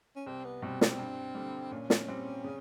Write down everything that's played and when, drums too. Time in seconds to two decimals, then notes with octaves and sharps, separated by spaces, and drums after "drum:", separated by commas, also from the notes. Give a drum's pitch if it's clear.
0.16 C#4
0.27 C2 C4
0.45 B3
0.62 B2 G3 C4
0.81 C4, drum: snare
0.99 G2
1.35 D3 G3
1.71 A#2 C#4
1.90 drum: snare
2.08 G3 C4
2.44 C#3